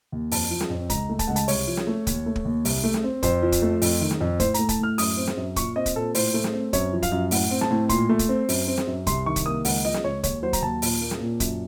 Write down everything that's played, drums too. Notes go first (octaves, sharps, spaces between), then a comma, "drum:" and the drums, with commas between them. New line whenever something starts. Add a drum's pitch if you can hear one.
D#2
F2 A5, drum: open hi-hat
F3
drum: snare
F2
C#2 A#5, drum: kick, hi-hat
A3
A5, drum: kick, hi-hat
C#2 F#5
A5, drum: hi-hat
C2 C#5, drum: open hi-hat
F3
drum: snare
A3
D#2, drum: kick, hi-hat
A3
drum: kick
D#2
C2, drum: open hi-hat
A3
drum: snare
C4
F2 C5, drum: kick, hi-hat
F3
drum: kick, hi-hat
A3
F2, drum: open hi-hat
D#3
drum: snare
F2
A2 C5, drum: kick, hi-hat
A3 A#5, drum: hi-hat
A5, drum: kick, hi-hat
A2 F6
F#2 D#6, drum: open hi-hat
C4
drum: snare
F#2
A#2 C#6, drum: kick, hi-hat
C4 D#5
drum: kick, hi-hat
A#2 A4
A2 C5, drum: open hi-hat
A3
drum: snare
C4
F#2 C#5, drum: kick, hi-hat
F3
F5, drum: kick, hi-hat
F#2
A2 F#5, drum: open hi-hat
C4
A5, drum: snare
A2
A#2 C6, drum: kick, hi-hat
A3
drum: kick, hi-hat
C4
F#2, drum: open hi-hat
C4
drum: snare
F#2
C2 C6, drum: kick, hi-hat
D#3 C#6
drum: kick, hi-hat
A#3 D#6
C#2 F#5, drum: open hi-hat
F3 D#5
drum: snare
C#2 C#5
D#2 C#5, drum: kick, hi-hat
F#3 C5
A#5, drum: kick, hi-hat
D#2 A5
A#2, drum: open hi-hat
A#3
drum: snare
A#2
F#2, drum: kick, hi-hat